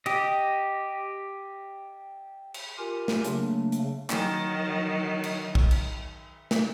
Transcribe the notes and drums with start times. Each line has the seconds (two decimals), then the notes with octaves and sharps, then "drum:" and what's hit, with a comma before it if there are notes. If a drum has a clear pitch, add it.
0.06 G4 D#5, drum: cymbal
2.54 drum: cymbal
2.78 F4 G4 A#4 G#5
3.08 drum: snare
3.25 C#3 F#3 A3 A#3 D4, drum: hi-hat
3.72 drum: hi-hat
4.10 D#3 F#3, drum: clap
5.24 drum: cymbal
5.55 drum: kick A#1
5.71 drum: cymbal
6.51 drum: snare